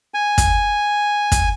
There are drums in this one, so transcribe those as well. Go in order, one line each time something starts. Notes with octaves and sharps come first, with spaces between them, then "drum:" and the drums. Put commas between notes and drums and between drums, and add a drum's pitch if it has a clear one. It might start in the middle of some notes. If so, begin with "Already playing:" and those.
G#5
drum: kick, hi-hat
drum: kick, hi-hat